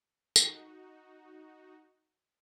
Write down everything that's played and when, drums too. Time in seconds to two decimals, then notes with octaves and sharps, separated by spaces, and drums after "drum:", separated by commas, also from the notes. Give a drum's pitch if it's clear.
0.36 D#4 F#4, drum: tambourine